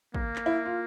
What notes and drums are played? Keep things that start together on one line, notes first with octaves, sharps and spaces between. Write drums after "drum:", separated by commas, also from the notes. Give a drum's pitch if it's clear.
A#3, drum: kick
drum: clap
E4
F4